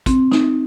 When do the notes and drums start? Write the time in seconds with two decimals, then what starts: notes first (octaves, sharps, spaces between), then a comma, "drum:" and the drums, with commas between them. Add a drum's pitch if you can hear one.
0.06 C4, drum: kick, hi-hat
0.32 D#4, drum: snare